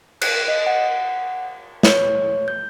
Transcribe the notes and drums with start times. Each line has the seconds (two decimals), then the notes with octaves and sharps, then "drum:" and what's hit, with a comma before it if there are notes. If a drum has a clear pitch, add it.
0.21 F#6, drum: cymbal
0.48 D#5
0.67 F#5
1.83 C#5, drum: snare
2.48 G6